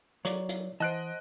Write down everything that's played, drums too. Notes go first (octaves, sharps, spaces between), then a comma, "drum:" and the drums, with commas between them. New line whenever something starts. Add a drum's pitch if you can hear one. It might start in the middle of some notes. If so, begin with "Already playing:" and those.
F#3 C#5 D5, drum: hi-hat
drum: hi-hat
E3 C5 D#5 F#5 A5 F#6 D7